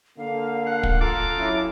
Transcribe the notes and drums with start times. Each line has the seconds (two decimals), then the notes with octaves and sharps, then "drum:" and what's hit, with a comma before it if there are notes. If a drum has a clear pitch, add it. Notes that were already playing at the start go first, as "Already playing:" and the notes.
0.18 D3 A#3 F5
0.67 F#5
0.83 drum: kick
1.01 F4 A4 A#5 D6
1.37 F#3 C#4 E4